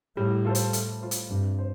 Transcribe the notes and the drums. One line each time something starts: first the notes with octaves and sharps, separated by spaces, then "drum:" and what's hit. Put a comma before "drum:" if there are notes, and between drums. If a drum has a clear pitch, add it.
A2 G3
F4 A4 C5
drum: hi-hat
A3, drum: hi-hat
F4 C5
drum: hi-hat
G2 C3
C5